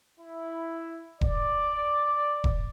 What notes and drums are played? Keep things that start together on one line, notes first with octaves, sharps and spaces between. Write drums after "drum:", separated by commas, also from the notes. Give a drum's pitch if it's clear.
E4
D5, drum: kick E1
drum: kick E1